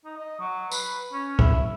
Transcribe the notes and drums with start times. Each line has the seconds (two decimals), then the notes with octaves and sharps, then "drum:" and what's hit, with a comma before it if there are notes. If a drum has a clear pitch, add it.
0.05 D#4
0.17 D#5
0.40 F#3
0.72 B4, drum: tambourine
1.13 C#4
1.39 E4, drum: kick